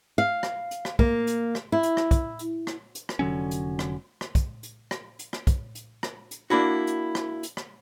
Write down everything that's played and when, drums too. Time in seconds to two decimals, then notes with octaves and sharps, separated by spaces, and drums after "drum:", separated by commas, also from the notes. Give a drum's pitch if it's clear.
0.18 F5
0.43 drum: rim click
0.71 drum: hi-hat
0.85 drum: rim click
0.99 A#3, drum: kick
1.27 drum: hi-hat
1.55 drum: rim click
1.72 E4
1.83 drum: hi-hat
1.97 drum: rim click
2.11 drum: kick, hi-hat
2.39 drum: hi-hat
2.67 drum: rim click
2.95 drum: hi-hat
3.09 drum: rim click
3.19 F1 D3 F#3 C#4
3.51 drum: hi-hat
3.79 drum: rim click
4.21 drum: rim click
4.35 drum: kick, hi-hat
4.63 drum: hi-hat
4.91 drum: rim click
5.19 drum: hi-hat
5.33 drum: rim click
5.47 drum: kick, hi-hat
5.75 drum: hi-hat
6.03 drum: rim click
6.31 drum: hi-hat
6.50 A#3 D4 E4 F#4
6.87 drum: hi-hat
7.15 drum: rim click
7.43 drum: hi-hat
7.57 drum: rim click